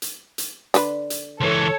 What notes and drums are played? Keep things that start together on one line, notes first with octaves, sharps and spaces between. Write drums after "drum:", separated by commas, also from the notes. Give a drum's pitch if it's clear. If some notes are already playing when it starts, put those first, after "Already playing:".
drum: hi-hat
drum: hi-hat
D3 D4 B4, drum: hi-hat
drum: hi-hat
C#2 E3 A4 C#5